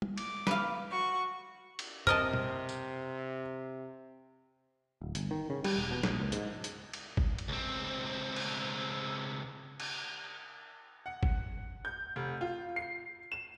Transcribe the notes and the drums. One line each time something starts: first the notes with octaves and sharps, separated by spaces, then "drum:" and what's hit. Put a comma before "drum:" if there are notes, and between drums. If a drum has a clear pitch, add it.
drum: tom
D6, drum: cymbal
B4 F5, drum: snare
F#4 C#6
drum: cymbal
C3 C4 A#4 D#5 A5 F6, drum: tom
drum: tom
drum: tambourine
D1
G1, drum: hi-hat
D#3
C#3
G3, drum: cymbal
E1
B2
A#1, drum: snare
C#2
G#2, drum: hi-hat
drum: hi-hat
drum: cymbal
drum: kick
drum: cymbal
C#2 C4
drum: cymbal
drum: cymbal
F#5
drum: kick
G6
F1
F4
C7
E7